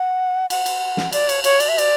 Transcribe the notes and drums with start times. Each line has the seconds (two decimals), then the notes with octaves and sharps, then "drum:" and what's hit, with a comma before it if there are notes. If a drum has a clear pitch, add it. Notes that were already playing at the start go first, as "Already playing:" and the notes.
Already playing: F#5
0.50 F#5, drum: cymbal
0.66 drum: cymbal
0.97 drum: snare
1.12 D5, drum: cymbal
1.29 C#5, drum: cymbal
1.44 C#5, drum: cymbal
1.60 D5, drum: cymbal
1.69 E5
1.78 D5, drum: cymbal